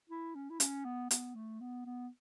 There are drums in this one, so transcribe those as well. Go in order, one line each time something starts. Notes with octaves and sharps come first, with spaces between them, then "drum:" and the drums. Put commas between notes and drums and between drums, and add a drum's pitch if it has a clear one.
E4
C#4
E4
C#4, drum: hi-hat
B3
B3, drum: hi-hat
A3
B3
B3